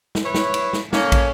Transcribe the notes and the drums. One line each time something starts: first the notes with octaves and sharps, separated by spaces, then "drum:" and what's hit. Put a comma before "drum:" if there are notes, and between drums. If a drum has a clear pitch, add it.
drum: snare
E4 B4 C#5
drum: snare
drum: cymbal
drum: snare
A3 A#3 C#4, drum: snare
drum: kick, cymbal